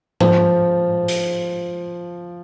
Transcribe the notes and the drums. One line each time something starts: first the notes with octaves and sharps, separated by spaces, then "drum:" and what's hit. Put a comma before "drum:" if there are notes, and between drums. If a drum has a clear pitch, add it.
F3, drum: tom G#2
drum: hi-hat